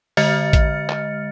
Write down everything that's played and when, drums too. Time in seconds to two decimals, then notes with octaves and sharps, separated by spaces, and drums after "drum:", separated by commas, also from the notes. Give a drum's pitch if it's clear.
0.17 D3 G#3 D#5 F6 A6 C#7, drum: open hi-hat
0.53 drum: kick A1, hi-hat
0.89 drum: clap